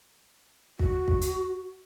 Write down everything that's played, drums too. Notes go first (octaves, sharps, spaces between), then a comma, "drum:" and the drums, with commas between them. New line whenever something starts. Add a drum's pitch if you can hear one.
F#4, drum: kick
drum: kick
drum: hi-hat